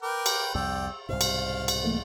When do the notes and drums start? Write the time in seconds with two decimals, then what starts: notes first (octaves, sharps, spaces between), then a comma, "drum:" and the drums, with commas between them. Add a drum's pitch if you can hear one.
0.02 A#4 B4 G5 D6
0.26 drum: cymbal
0.55 C2 F2 D5 G5 E6
1.09 C2 G#2 B2 C5 F5
1.21 drum: cymbal
1.68 drum: cymbal
1.84 E3 A3 A#3